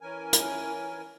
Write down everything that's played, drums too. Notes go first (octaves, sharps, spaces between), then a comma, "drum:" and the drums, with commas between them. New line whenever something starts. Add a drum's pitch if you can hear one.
E3 C#4 A#4 G#5
drum: hi-hat